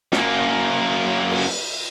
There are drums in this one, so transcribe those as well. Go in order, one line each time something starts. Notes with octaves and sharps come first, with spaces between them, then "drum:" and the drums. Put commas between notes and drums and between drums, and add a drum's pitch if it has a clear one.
F#2 A#3, drum: snare
drum: cymbal